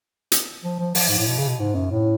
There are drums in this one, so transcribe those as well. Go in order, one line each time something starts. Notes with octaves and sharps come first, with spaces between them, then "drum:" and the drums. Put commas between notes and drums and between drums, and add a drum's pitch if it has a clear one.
drum: hi-hat
F3
F3
F3, drum: open hi-hat
G#2
A2
B2
C#3
B2
G#2
F#2
A2